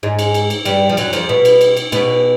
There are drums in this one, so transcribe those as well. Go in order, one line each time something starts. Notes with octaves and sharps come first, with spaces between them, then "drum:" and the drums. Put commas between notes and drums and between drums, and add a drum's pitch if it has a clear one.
G#2 G#3
drum: cymbal
drum: cymbal
drum: cymbal
G2 G3, drum: cymbal
F3
F#2 F#3, drum: cymbal
F2 F3, drum: cymbal
B2 B3
drum: cymbal
drum: cymbal
drum: cymbal
B2 B3, drum: cymbal